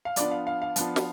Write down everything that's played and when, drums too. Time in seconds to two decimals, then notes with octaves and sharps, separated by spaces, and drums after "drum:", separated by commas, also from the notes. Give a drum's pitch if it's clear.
0.05 F5
0.16 F3 B3 D4 F4 D5, drum: hi-hat
0.31 F5
0.47 F5
0.62 F5
0.76 F3 B3 D4 F4, drum: hi-hat
0.96 drum: snare